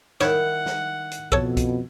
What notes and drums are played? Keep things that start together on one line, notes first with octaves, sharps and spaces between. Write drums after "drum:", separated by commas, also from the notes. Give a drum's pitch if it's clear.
D#3 E4 C#5 F#5, drum: snare
drum: snare
drum: hi-hat
F2 B2 A4 C#5, drum: kick
drum: kick, hi-hat